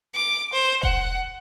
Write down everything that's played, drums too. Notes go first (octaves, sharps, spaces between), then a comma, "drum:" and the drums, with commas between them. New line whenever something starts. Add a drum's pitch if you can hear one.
D6
C5
F#5, drum: kick E1